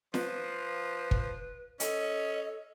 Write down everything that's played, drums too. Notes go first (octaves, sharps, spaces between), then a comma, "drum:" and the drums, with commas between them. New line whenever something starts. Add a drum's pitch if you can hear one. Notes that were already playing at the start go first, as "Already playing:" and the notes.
F3 B4, drum: snare
drum: kick
C#4 A4 D#5, drum: hi-hat